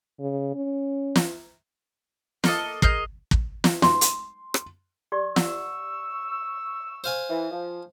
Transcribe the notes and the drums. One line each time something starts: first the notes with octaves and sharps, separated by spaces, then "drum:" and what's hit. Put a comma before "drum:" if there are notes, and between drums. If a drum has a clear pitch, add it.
C#3
C#4
drum: snare
A#3 A4 D#5, drum: snare
G#4 A#4 D#5 G6, drum: kick
drum: kick
drum: snare
C6, drum: snare
drum: hi-hat
drum: rim click
G4 D5 C#6
F#5 C#6 E6, drum: snare
C5 F5 G#5
E3
F3